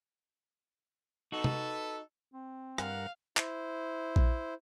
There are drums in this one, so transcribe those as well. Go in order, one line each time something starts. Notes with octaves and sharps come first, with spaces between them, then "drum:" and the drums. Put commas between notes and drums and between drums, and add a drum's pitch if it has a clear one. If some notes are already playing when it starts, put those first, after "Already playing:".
D#4 F#4 A4 B4
drum: tom C3
C4
G2 A#4 F5 F#5, drum: rim click
E4 C5, drum: clap
drum: kick A#1